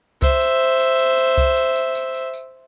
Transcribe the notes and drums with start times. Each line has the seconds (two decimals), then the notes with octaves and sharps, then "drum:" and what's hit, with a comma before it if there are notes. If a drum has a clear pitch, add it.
0.22 C5 E5, drum: kick C2, tambourine
0.41 drum: tambourine
0.80 drum: tambourine
0.99 drum: tambourine
1.18 drum: tambourine
1.37 drum: kick C2, tambourine
1.57 drum: tambourine
1.76 drum: tambourine
1.95 drum: tambourine
2.14 drum: tambourine
2.34 drum: tambourine